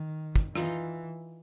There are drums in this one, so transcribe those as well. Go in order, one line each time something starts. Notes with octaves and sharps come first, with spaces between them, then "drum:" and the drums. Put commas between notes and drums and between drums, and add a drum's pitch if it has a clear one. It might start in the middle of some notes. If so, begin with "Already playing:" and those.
Already playing: D#3
drum: kick
E3 D#4 F4, drum: rim click